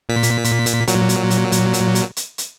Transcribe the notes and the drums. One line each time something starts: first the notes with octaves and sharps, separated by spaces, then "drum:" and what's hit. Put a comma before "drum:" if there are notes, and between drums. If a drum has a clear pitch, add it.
A#2 B6
drum: hi-hat
drum: hi-hat
drum: hi-hat
A#2 F#3, drum: hi-hat
drum: hi-hat
drum: hi-hat
drum: hi-hat
drum: hi-hat
drum: hi-hat
drum: hi-hat
drum: hi-hat